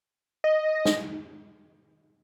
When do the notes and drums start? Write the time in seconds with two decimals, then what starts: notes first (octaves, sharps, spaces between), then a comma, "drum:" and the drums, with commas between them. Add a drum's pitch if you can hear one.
0.44 D#5
0.85 drum: snare